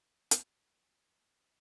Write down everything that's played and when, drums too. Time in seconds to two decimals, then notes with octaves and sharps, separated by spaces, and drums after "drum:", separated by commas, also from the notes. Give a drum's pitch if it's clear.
0.31 drum: hi-hat
0.63 F#4 G#4 D5 D#5 F5
0.82 B3 C4 A4
1.03 A#3 D4 E4
1.21 G#5 B5
1.37 G4